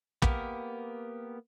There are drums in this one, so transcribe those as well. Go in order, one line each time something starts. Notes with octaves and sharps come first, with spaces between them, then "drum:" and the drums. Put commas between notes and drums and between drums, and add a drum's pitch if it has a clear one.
A#3 B3 G4 A#4, drum: kick